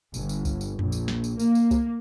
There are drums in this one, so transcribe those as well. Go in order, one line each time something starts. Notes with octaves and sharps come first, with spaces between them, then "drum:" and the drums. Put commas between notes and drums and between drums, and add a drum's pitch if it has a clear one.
G1, drum: tambourine
drum: tambourine
drum: kick C2, tambourine
drum: tambourine
A#1, drum: tom F2
drum: tambourine
drum: snare
drum: tambourine
A#3, drum: tambourine
drum: tambourine
drum: kick C2, tambourine